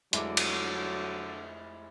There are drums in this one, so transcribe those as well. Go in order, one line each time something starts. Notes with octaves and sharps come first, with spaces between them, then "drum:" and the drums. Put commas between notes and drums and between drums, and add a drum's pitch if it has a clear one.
F1 D3 F#3 G#3 E4 D5, drum: hi-hat
drum: cymbal